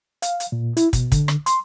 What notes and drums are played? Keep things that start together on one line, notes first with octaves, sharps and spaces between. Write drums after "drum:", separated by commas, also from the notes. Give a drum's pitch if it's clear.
F5, drum: hi-hat
drum: hi-hat
A#2
E4, drum: hi-hat
B2, drum: kick, hi-hat
D3, drum: kick, hi-hat
drum: rim click
C6, drum: hi-hat